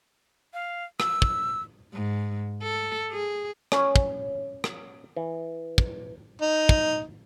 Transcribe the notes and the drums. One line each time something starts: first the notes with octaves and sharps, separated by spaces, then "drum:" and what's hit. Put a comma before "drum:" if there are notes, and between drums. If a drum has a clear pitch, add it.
F5
E6, drum: rim click
drum: kick
G#2
A4
G#4
C#4 C#5, drum: rim click
drum: kick
drum: rim click
E3
drum: kick
D#4
drum: kick